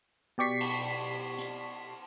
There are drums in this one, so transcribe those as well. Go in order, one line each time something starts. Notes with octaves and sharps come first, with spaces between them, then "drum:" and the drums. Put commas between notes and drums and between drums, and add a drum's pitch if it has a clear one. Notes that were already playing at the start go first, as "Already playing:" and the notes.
B2 G4 D5 C#6 B6 C7
drum: cymbal
drum: hi-hat